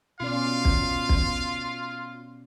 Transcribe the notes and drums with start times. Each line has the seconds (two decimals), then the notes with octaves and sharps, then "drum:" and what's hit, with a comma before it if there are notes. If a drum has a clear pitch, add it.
0.20 B2 C#4 F4 D5 F5
0.65 drum: kick
1.09 drum: kick